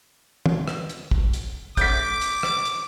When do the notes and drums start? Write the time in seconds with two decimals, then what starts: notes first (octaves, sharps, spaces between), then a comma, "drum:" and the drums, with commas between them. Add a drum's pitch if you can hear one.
0.46 drum: tom
0.68 drum: rim click
0.89 drum: hi-hat
1.11 drum: kick
1.33 drum: hi-hat
1.77 D6 G6 B6, drum: kick, hi-hat
2.21 drum: hi-hat
2.43 drum: rim click
2.65 drum: hi-hat